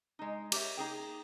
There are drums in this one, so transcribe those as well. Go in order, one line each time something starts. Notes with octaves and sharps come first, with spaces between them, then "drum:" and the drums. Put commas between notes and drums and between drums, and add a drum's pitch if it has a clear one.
G#3 D#4
G4 A#4 C5 C#5 E5, drum: cymbal
A#3 D#4 G#4 G5